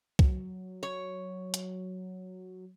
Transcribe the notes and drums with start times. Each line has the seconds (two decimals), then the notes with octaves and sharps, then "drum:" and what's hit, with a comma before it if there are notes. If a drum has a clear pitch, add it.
0.19 F#3, drum: kick
0.83 C#5
1.54 drum: hi-hat